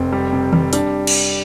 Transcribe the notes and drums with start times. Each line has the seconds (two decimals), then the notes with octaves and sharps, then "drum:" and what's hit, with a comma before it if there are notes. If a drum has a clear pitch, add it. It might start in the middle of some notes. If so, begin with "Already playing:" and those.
Already playing: F1 C4
0.12 G3
0.33 C3
0.53 G3, drum: tom D#3
0.73 G3 D4, drum: hi-hat
1.07 drum: cymbal